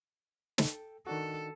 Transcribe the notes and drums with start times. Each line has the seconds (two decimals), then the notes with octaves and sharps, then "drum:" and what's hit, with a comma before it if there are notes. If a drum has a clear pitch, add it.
0.58 A4 G5, drum: snare
1.07 D#3 D4 F#4 A4